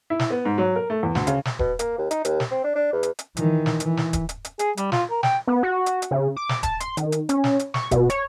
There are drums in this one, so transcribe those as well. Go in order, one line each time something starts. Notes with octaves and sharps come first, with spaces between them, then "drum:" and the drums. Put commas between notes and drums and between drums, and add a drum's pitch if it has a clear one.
E4
drum: snare
B3
G#2
F#3
A#4
A3
E2
D2, drum: snare
C#3, drum: hi-hat
drum: snare
B2, drum: kick D#1
A#3, drum: hi-hat
D#2
D#4, drum: hi-hat
D#2, drum: hi-hat
drum: snare
C4
D4
D4
E2
drum: hi-hat
drum: hi-hat
D#3 E3, drum: hi-hat
drum: snare
E3, drum: hi-hat
drum: snare
drum: kick D#1, hi-hat
drum: hi-hat
drum: hi-hat
G#4, drum: hi-hat
G3, drum: hi-hat
F4, drum: snare
A#4
G5, drum: snare
B3
F#4
drum: hi-hat
drum: hi-hat
C#3
D6
drum: snare
A5, drum: kick D#1, hi-hat
C6, drum: hi-hat
D#3, drum: hi-hat
drum: hi-hat
C#4, drum: hi-hat
drum: snare
drum: hi-hat
C#6, drum: snare
B2, drum: kick D#1, hi-hat
C#5, drum: hi-hat